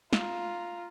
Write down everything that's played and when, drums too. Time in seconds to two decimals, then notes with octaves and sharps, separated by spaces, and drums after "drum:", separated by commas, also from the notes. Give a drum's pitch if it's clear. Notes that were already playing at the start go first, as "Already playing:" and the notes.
0.13 F4 A#5, drum: snare